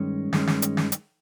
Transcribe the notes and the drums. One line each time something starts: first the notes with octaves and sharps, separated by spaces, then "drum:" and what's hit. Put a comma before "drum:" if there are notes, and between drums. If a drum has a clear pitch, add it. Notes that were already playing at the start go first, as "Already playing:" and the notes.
Already playing: G2 D#3 G#3 C#4
G2 D#3 G#3 C#4, drum: snare
drum: snare
drum: hi-hat
drum: snare
drum: hi-hat